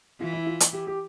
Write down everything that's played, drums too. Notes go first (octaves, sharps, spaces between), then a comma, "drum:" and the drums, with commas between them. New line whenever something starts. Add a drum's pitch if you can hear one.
E3 F4
E4
F4
drum: hi-hat
G4
G4